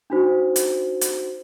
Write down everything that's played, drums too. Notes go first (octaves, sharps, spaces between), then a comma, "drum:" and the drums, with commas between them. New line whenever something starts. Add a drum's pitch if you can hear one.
D4 D#4 F#4 C5
drum: hi-hat
drum: hi-hat